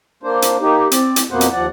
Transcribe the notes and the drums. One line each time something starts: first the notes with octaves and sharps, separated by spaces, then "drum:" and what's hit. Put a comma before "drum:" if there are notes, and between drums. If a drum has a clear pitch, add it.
A#3 D4 C5
drum: hi-hat
A#3 D#4 G4
C4 D5, drum: hi-hat
drum: hi-hat
F2 B2 A#3 B3 C5 F#5
drum: hi-hat
D#2 F3 D5 F#5